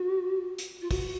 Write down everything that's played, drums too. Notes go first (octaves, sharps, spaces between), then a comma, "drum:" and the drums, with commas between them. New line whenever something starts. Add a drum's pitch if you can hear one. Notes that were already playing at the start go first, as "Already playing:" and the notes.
Already playing: F#4
drum: hi-hat
F4
F#4, drum: kick, open hi-hat